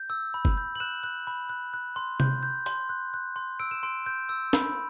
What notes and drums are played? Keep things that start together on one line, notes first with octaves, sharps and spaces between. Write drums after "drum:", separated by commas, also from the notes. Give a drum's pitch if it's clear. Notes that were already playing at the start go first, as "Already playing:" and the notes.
Already playing: G6
E6
B5
drum: kick F#1
G6
F#7
F#6 E7
F#6
B5
F#6
F#6
C6
G6, drum: tom C3
G6
C6, drum: hi-hat
F#6
F#6
C6
E6 D7
E7
C6 D7
G6
E6
B5, drum: snare